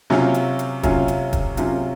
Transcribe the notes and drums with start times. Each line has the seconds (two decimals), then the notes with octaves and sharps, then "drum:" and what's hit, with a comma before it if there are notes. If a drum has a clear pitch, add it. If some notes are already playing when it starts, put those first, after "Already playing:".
0.10 C3 F#3 C#4 F4, drum: snare
0.34 drum: hi-hat
0.59 drum: hi-hat
0.83 C3 F#3 C#4 F4, drum: kick, hi-hat
1.08 drum: hi-hat
1.33 drum: kick, hi-hat
1.57 C3 F#3 C#4 F4, drum: hi-hat